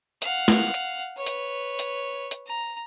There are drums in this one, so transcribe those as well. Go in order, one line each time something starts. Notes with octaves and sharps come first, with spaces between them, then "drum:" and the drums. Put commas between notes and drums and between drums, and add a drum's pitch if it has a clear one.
F5 F#5, drum: hi-hat
drum: snare
drum: hi-hat
B4 C#5
drum: hi-hat
drum: hi-hat
drum: hi-hat
A#5